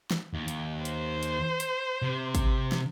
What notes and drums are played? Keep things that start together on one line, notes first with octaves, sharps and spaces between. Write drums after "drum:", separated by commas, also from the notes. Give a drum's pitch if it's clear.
drum: snare
D#2
drum: hi-hat
C5, drum: hi-hat
drum: hi-hat
drum: hi-hat
C3
drum: kick, hi-hat
drum: snare